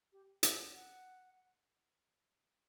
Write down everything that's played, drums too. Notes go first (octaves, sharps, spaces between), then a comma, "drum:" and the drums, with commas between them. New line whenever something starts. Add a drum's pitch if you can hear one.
G4
A4, drum: hi-hat
F#5